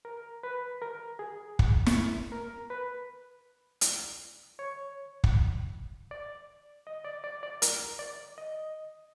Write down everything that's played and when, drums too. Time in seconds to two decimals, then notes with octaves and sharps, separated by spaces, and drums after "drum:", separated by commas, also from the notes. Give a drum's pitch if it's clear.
0.05 A#4
0.43 B4
0.82 A#4
1.19 G#4
1.59 drum: kick
1.86 drum: snare
2.32 A#4
2.70 B4
3.81 drum: hi-hat
4.59 C#5
5.24 drum: kick
6.11 D5
6.87 D#5
7.05 D5
7.24 D5
7.43 D5
7.62 A#4, drum: hi-hat
7.99 D5
8.38 D#5